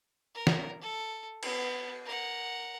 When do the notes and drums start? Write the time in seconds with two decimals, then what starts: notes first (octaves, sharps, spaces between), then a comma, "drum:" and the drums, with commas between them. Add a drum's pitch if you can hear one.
0.35 A#4
0.47 drum: snare
0.82 A4
1.43 B3, drum: cymbal
2.05 A#4 F#5